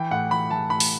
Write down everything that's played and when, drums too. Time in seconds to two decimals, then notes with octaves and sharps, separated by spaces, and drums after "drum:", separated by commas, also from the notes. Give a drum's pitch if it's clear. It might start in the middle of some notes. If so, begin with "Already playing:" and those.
Already playing: E3 G5
0.11 A2 F#5
0.31 E3 B5
0.50 E3 A5
0.70 A2 B5
0.80 drum: open hi-hat